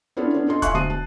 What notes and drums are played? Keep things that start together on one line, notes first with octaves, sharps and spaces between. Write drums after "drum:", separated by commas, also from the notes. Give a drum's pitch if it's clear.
B3 C#4 D4 E4 F4 A4
B3 C#4 D4
F4 A4 D#5 C6
E5 F5 G#5 C6 C#6 F#6, drum: kick D#1, hi-hat
D2 B2 A5 D#6 C7 D#7
A5